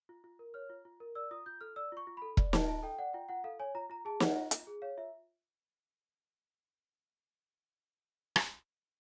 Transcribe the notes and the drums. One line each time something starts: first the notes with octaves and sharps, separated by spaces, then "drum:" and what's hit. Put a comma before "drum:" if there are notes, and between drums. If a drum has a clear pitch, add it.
F4
F4
A#4
C#5 F6
F4
F4
A#4
D5 E6
F4 D#6
F4 G6
A4 F6
D5 E6
F4 C#6
F4
B5
A4
D5, drum: kick E1
F4 A5, drum: snare
F4 A5
A4 G5
D5 F#5
F4 G5
F4 F#5
A4 F5
C#5 G#5
F4 A#5
F4 A#5
G#4 A5
C#5 F#5, drum: snare
F4
F4, drum: hi-hat
G#4
C#5 F5
F4 E5
drum: rim click